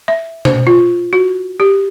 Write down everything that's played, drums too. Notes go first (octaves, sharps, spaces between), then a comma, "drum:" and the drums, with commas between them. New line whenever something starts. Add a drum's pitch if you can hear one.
E5
C5, drum: tom B2
F4
F#4
G4